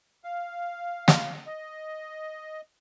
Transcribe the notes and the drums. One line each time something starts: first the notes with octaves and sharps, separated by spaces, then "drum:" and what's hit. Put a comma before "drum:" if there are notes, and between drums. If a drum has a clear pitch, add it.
F5
drum: snare
D#5